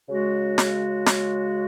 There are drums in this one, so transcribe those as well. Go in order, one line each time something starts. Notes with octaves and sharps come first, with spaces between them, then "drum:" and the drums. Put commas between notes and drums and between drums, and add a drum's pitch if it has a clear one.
C#3 G#3 F#4
drum: snare
drum: snare